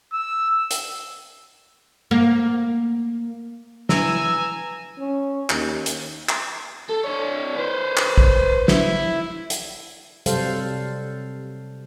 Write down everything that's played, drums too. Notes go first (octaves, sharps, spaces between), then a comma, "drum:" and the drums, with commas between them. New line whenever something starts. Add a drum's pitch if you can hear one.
E6
drum: hi-hat
A#3
E3 G#5 A#5 E6, drum: snare
C#4
D#2, drum: clap
drum: hi-hat
drum: clap
A4
D4 C#5
B4 C5
drum: clap
drum: kick
E4, drum: snare
drum: hi-hat
C3 F#3 G3 A4 C5 F5, drum: hi-hat